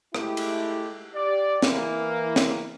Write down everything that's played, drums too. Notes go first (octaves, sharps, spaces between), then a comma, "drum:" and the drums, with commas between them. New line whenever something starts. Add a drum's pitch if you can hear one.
G#3 A3 E4 G4, drum: rim click
drum: cymbal
G4 D5
E3 A#3, drum: snare
drum: snare